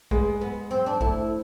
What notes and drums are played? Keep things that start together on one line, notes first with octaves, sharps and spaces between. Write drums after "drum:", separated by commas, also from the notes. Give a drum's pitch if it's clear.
G#3 B3, drum: kick
B3
C4
D4
A3 E4, drum: kick